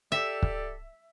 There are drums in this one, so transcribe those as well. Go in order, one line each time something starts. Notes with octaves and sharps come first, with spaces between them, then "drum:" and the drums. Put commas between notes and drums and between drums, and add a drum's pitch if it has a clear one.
G4 A4 D5 E5
drum: kick